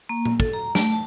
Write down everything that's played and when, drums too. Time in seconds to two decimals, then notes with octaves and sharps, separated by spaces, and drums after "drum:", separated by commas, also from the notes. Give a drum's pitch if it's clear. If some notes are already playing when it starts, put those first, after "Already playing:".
0.09 A#3
0.25 drum: tom A#2
0.40 A4, drum: kick
0.53 A#5
0.75 A3, drum: snare
0.92 A5